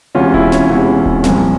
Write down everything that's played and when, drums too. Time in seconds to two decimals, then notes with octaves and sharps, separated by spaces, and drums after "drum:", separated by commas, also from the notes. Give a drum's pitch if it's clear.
0.15 E1 E2 C3 C#4 F4
0.34 E4, drum: kick D1
0.52 C#4, drum: snare
0.69 E1 E2 C3
1.06 drum: kick D1
1.24 C2 A#2 F3, drum: snare